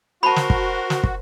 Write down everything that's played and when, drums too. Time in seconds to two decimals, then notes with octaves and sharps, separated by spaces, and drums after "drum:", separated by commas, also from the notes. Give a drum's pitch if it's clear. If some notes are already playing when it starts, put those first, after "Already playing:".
0.23 F#4 A#4 C5 A5 B5
0.36 drum: snare
0.50 drum: kick
0.90 drum: snare
1.04 drum: kick